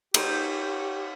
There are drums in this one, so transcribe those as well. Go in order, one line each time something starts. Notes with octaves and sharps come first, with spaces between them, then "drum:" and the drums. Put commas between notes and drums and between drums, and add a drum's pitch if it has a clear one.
D#4 G4 C5 C#5, drum: cymbal